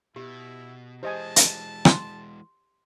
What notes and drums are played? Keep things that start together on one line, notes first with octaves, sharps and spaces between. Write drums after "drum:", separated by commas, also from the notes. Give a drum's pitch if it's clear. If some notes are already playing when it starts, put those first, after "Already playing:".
B2 E4 G4
E3 G#3 G4 C5 D#5 G#5 A5
drum: hi-hat
C6, drum: rim click